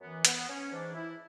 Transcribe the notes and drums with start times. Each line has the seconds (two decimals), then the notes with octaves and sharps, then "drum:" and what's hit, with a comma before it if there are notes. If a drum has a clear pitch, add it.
0.01 F#2 E3 B3
0.25 B3, drum: hi-hat
0.48 C#4
0.71 G#2 E3 D4
0.94 E4